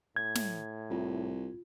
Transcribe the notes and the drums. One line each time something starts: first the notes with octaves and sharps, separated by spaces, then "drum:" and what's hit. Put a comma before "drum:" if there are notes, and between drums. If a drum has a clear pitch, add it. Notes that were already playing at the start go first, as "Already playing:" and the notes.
A2 G#6
drum: snare
C2 F4